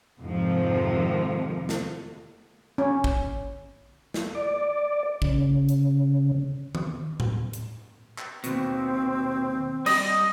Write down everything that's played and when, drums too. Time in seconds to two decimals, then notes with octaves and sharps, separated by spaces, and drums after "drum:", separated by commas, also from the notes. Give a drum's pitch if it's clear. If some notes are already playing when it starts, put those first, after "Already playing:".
0.21 F2 G#2 C3 D#3 F3
1.69 drum: snare
2.78 C#4
3.04 drum: kick
4.14 drum: snare
4.35 D5
5.22 C#3, drum: kick
5.69 drum: hi-hat
6.75 drum: tom D#3
7.20 drum: tom A2
7.53 drum: hi-hat
8.18 drum: clap
8.44 D#2 B2 C4, drum: hi-hat
9.86 G3 D#5, drum: cymbal